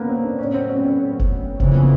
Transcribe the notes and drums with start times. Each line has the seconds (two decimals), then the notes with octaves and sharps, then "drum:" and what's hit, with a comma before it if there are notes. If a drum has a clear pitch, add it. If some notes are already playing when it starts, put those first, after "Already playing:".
Already playing: A#3 B3 C#4
0.09 C4
0.24 D4
0.39 A2 F#3 B3 C#4
0.54 C4
0.69 C#4
0.77 C4
0.84 C#4
1.19 drum: kick
1.60 F2 C#3 E3 C4, drum: kick
1.75 B3